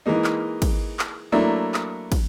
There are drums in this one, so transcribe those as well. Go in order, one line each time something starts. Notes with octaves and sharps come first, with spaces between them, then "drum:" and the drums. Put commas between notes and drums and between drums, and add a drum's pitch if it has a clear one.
E3 G#3 A#3 D#4
drum: clap
drum: kick, cymbal
drum: clap
F#3 A3 A#3 D4 E4
drum: clap
drum: kick, cymbal